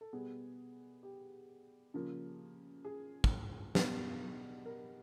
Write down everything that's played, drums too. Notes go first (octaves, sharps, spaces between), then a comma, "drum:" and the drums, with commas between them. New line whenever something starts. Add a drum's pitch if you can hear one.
A4
B2 G3 B3 G#4
G4
C#3 F3 A#3
G#4
drum: kick
B2 G3 B3, drum: snare
A#4